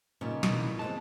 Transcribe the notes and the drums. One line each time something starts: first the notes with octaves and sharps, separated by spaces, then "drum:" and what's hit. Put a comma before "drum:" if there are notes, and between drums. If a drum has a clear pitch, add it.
A#2 C#3 G3 B3 D#4
B2 E3, drum: snare
E3 G#3 A#3 C4 A4 A5